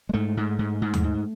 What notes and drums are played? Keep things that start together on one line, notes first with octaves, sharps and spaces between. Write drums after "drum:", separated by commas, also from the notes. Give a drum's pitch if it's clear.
G#3
G#2 A3
G#2
G#2
G#2
drum: tom D#2
G#2